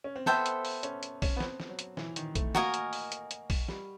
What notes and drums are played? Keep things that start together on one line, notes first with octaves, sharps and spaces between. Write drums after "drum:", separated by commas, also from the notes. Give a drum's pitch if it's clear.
C#4
C4
B3 A4 C5 E5 G5, drum: snare
drum: hi-hat
drum: open hi-hat
C#4, drum: hi-hat
drum: hi-hat
C#4, drum: kick A#1, open hi-hat
B3
C4, drum: snare
drum: snare
F#3
drum: hi-hat
E3, drum: snare
D#3, drum: hi-hat
A3, drum: kick A#1, hi-hat
A#3 F#4 A#4 D#5 G#5, drum: snare
drum: hi-hat
drum: open hi-hat
drum: hi-hat
drum: hi-hat
drum: kick A#1, open hi-hat
G3, drum: snare